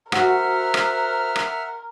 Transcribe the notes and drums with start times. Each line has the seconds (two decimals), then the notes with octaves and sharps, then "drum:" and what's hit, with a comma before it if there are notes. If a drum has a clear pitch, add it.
0.12 F#4 A#4 C5 E5 F#5 F6, drum: rim click
0.74 drum: rim click
1.36 drum: rim click